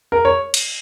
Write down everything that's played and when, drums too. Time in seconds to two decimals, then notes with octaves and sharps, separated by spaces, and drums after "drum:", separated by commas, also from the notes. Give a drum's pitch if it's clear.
0.12 A#4
0.25 C#5
0.54 drum: cymbal